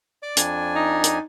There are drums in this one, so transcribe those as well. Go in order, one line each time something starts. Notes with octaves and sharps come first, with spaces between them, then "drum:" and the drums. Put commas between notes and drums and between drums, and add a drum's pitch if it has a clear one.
D5 D6
F2 D4 G#5, drum: hi-hat
D#4
drum: hi-hat